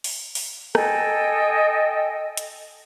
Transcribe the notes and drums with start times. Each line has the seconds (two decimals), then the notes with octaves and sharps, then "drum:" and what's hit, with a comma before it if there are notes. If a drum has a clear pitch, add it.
0.04 drum: open hi-hat
0.35 drum: open hi-hat
0.75 A4 D#5 G5 G#5, drum: rim click
2.37 drum: hi-hat